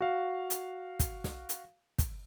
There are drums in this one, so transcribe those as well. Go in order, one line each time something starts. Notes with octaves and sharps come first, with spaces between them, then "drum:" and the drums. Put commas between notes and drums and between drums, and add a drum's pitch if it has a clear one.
F#4 F5
drum: hi-hat
drum: kick, hi-hat
drum: snare
drum: hi-hat
drum: kick, hi-hat